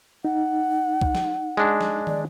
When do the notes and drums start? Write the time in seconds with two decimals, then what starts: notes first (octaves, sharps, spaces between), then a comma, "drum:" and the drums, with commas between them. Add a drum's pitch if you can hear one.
0.25 D#4 F#5
1.01 drum: kick
1.15 drum: snare
1.57 G#3 D4
1.81 drum: snare
2.07 D5, drum: tom